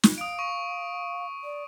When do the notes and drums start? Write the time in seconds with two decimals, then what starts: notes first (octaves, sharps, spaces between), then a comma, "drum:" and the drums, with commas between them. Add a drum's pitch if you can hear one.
0.03 drum: snare
0.18 F5 D#6 D7
0.39 C#6
1.44 D5